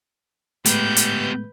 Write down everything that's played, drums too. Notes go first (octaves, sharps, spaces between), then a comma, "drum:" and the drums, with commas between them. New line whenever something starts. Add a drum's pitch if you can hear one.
A2 G#3 A3 B3 G4 B4 G6, drum: hi-hat
drum: hi-hat